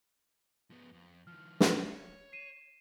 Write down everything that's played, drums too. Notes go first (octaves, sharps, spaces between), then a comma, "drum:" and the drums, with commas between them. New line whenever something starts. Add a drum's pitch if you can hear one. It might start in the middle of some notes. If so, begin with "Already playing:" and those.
F3 B3
F2
D#3 F3 F6
drum: snare
C#5
C7 D#7 E7